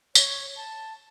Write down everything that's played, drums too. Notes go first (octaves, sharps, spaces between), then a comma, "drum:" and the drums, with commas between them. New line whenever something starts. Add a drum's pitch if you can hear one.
C#5, drum: tambourine
A5